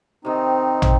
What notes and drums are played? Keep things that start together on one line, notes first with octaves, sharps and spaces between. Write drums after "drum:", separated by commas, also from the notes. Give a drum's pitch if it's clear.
C3 D#3 C4 D#4
drum: tom